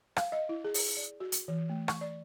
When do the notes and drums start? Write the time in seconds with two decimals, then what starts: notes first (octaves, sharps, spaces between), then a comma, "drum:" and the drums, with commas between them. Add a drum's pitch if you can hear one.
0.16 F5, drum: rim click
0.32 D#5
0.49 E4
0.64 G#4
0.74 drum: open hi-hat
0.97 D5
1.20 F#4
1.32 drum: hi-hat
1.48 E3
1.70 A3
1.88 C#6, drum: rim click
2.01 D5